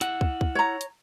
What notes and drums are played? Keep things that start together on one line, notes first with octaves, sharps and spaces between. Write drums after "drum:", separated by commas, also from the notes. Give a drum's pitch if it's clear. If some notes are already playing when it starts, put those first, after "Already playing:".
E4 F#5, drum: hi-hat
drum: kick
drum: kick
C#5 A#5
drum: hi-hat